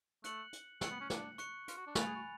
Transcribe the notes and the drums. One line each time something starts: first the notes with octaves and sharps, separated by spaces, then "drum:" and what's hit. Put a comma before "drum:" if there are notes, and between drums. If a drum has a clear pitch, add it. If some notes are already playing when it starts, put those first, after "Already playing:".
A3 F#6 C#7 F#7, drum: hi-hat
drum: hi-hat
A3 F#6 C#7 F#7, drum: snare
B3
C#4
D4, drum: snare
C#6 F#6 C#7, drum: hi-hat
F4, drum: hi-hat
F#4
D4
F#4 G#5 B5 F#6 A6 F7, drum: snare
G#4
F#4